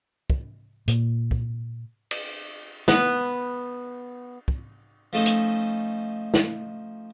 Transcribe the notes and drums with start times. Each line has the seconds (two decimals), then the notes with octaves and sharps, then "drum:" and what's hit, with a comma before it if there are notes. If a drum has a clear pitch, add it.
0.30 drum: kick
0.88 A#2, drum: hi-hat
1.31 drum: kick
2.11 drum: cymbal
2.88 B3, drum: snare
4.48 drum: kick
5.13 F3 A3 C#4 D#4
5.26 drum: hi-hat
6.34 drum: snare